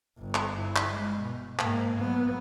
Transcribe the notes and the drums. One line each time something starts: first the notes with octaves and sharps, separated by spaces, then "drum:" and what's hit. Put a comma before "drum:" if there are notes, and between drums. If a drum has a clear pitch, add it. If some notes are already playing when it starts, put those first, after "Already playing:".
G1 G2
drum: clap
E4
drum: clap
G#3
B2
G#2 A#3, drum: clap
F#3 B3